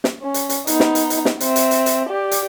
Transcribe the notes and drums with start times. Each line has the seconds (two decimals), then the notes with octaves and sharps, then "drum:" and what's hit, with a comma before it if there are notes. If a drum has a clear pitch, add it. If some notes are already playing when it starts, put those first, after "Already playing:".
0.04 drum: snare
0.22 C#4
0.34 drum: hi-hat
0.49 drum: hi-hat
0.67 B3 D#4, drum: hi-hat
0.80 drum: snare
0.95 drum: hi-hat
1.10 drum: hi-hat
1.25 drum: snare
1.40 C4 E5, drum: hi-hat
1.56 drum: hi-hat
1.71 drum: hi-hat
1.86 drum: hi-hat
2.09 G4 D5
2.31 drum: hi-hat